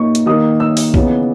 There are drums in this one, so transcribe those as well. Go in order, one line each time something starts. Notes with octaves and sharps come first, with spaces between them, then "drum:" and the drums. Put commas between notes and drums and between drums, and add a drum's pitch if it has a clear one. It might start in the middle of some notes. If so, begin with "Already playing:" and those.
Already playing: A#2 A#3 D#4 C#6
drum: hi-hat
D#3 A#3 D#4 D#6
E6
drum: open hi-hat
C#3 E3 B3 D#4, drum: kick A#1